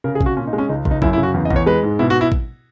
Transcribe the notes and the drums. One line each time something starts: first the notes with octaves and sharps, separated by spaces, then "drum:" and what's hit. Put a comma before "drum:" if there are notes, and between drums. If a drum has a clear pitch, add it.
C#3 A#4
G#4
C#3, drum: kick
F#4
A#2 C#4
D#4
G#3
C#4
C#2 D#4
C#2, drum: kick
D#4
F#2 E4, drum: kick
E4
C#3
F#4
E2
D#5
E2, drum: kick
C#5
G#3 B4
G#2
B2 E4
F#4
E4
drum: kick